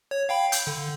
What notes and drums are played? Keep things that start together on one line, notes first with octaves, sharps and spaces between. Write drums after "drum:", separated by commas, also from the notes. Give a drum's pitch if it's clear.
C#5
F5 G5 B5
G6, drum: hi-hat
D3